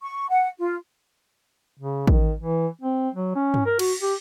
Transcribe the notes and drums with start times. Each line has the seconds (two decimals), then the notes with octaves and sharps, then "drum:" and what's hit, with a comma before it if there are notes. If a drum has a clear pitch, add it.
0.03 C#6
0.29 F#5
0.59 F4
1.79 C#3
2.07 D#3, drum: kick
2.40 E3
2.82 C4
3.15 F#3
3.36 C#4
3.54 drum: tom
3.66 A#4
3.79 F#4, drum: cymbal
4.01 G4